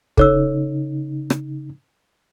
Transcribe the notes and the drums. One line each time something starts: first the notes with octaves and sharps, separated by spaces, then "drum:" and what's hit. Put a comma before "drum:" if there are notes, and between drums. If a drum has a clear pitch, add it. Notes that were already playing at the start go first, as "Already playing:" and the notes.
C#3 D#4 A4 C#5 E6, drum: kick
drum: rim click